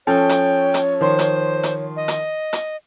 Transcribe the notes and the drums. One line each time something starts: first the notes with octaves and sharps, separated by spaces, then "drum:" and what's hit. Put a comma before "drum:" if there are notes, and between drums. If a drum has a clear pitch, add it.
F3 C#4 A4 C#5 G5
drum: hi-hat
drum: hi-hat
D#3 F3 C5 C6
drum: hi-hat
drum: hi-hat
D#5
drum: hi-hat
drum: hi-hat